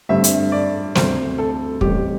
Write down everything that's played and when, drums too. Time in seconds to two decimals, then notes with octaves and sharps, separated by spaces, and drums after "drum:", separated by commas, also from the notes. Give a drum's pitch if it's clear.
0.09 G2 D3 A3 C4 E5
0.24 drum: hi-hat
0.52 D5
0.95 D2 C3 A3 C4 C5, drum: snare
1.38 A4
1.81 A1 A2 G3 C4 G4, drum: kick